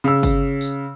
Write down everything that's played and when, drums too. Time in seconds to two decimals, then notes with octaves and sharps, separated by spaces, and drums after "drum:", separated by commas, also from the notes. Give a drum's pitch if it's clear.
0.04 C#3 E6
0.23 drum: kick G1, tambourine
0.61 drum: tambourine